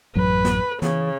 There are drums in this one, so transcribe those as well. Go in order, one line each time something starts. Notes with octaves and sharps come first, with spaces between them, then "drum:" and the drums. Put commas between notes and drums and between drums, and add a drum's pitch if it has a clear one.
A1 F#2 F#3 B4
drum: snare
C#3 E3, drum: snare